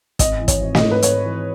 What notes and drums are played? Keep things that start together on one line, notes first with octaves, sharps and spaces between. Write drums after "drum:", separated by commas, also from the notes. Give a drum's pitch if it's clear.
G#1 D#5, drum: kick, hi-hat
E3
C#5, drum: kick, hi-hat
G#1
D#5, drum: snare
G#2
B4
G#1 C#5, drum: hi-hat
E3